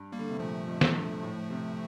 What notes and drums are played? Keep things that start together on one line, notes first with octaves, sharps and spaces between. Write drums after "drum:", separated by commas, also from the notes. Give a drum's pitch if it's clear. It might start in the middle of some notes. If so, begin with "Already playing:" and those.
Already playing: G2
G3 A#3
D3
C3
A#2 F3 A3
F2
drum: snare
G2
A2
C3